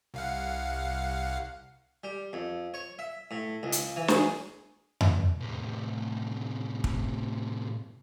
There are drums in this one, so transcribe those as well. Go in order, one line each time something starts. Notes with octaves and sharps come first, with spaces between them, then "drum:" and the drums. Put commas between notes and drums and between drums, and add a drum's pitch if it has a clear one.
C2 F5 F#5
G3
F2
C#5
E5
A2
C#2
drum: hi-hat
E3
G#4, drum: snare
drum: tom F2
A2 C3
drum: kick